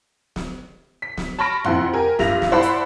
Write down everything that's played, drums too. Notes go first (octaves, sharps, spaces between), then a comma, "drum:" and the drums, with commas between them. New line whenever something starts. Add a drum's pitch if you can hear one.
drum: snare
B6
drum: snare
A5 B5 C#6 F6 A#6 D7
F2 E4 F#5 C6, drum: tom F2
G4 A#4 G#5
G2 F4 E5 A#6 F7, drum: snare
drum: snare
E4 C5 D5 F#5 A5 B5
drum: hi-hat